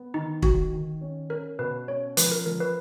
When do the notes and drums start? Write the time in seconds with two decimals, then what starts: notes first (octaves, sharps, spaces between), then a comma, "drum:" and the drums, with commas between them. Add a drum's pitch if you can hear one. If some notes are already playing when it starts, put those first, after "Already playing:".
Already playing: B3
0.14 D#3 D#4
0.43 D#3 F#4, drum: kick
0.73 D#3
1.01 C#4
1.30 C#4 A#4
1.59 B2 B4
1.88 C#4 C#5
2.17 F3 B4, drum: hi-hat
2.32 A#4
2.46 F3 A#4
2.60 B4